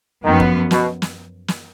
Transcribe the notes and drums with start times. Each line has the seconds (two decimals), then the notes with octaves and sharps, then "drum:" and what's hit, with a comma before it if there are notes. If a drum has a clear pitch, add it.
0.24 F#2 D#3 F3 B3
0.40 drum: kick
0.71 B2, drum: snare
1.02 drum: snare
1.48 drum: snare